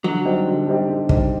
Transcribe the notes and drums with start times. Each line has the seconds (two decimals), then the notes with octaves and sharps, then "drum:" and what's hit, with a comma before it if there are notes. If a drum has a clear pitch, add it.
0.04 D3 F#3
0.25 G3 C4 D#4 G4
0.47 D3
0.67 G3 C4 D#4 G4
0.88 D3
1.09 G3 C4 D#4 G4, drum: kick